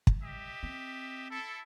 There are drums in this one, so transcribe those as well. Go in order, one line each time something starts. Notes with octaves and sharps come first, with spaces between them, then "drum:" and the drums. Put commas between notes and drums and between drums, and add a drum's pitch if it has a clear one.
drum: kick
G4 D#5 E5
C4
E4 A4